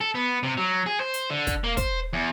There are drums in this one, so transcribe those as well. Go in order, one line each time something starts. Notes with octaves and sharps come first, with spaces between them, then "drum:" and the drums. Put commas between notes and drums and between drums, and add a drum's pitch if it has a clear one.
A4
B3
C3
F#3
G#4
C5
drum: hi-hat
D3
drum: kick, hi-hat
A#3
C5, drum: kick, hi-hat
E2